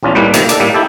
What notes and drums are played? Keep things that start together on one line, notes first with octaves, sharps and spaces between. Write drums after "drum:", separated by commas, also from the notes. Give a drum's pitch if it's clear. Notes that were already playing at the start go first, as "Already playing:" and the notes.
A#1 E2 C#4 D4 F4
C2 A2 G3 A#3 D#4 B4
F2 C3 D#3 A#3, drum: hi-hat
A#3 D4 D#4 A4, drum: hi-hat
A2 G3 A#3
D#4 E4 G4 A4